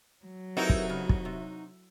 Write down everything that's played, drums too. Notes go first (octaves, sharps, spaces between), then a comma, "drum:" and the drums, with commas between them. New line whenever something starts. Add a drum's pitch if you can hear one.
F#3
A3 C4 D#4 E4 F#4 G4 A#4 B4
drum: kick
C#3
drum: kick
C3